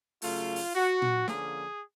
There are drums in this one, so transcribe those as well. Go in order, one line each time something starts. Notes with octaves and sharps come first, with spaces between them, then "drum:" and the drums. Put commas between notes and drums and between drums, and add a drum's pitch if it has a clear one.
C#3 F#3 A3 F4, drum: open hi-hat
drum: open hi-hat
F#4
drum: tom A#2
D3 F3 A#3 C#4 G#4, drum: snare